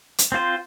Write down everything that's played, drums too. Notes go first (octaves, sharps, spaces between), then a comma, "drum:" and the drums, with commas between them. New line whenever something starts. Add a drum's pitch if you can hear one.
drum: hi-hat
C4 F4 C5